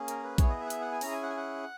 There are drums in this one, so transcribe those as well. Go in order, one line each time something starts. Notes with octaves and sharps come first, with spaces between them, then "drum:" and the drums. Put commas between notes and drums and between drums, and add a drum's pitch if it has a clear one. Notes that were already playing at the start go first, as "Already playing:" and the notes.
Already playing: A#3 C#4 G#4
A#4, drum: hi-hat
B4
B3 E4 G#4 C#5, drum: kick A#1, hi-hat
D#5
E5
F#5
E5, drum: hi-hat
F#5
G#5
C#4 E4 G#4 A#5, drum: open hi-hat
G#5
F#5
G#5
F#5